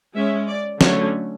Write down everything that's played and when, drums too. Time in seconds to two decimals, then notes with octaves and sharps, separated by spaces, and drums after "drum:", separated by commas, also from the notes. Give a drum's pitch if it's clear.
0.15 G#3 C#4 E5
0.48 D5
0.81 D3 F#3 A3 C#4 C#5, drum: snare